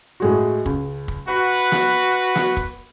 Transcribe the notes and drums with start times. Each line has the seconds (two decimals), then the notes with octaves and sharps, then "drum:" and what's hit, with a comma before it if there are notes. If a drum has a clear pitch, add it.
0.20 A2 G#3 F#4
0.66 C#2, drum: kick
1.08 drum: kick
1.28 F#4 B4 B5
1.72 drum: snare
2.35 drum: snare
2.57 drum: kick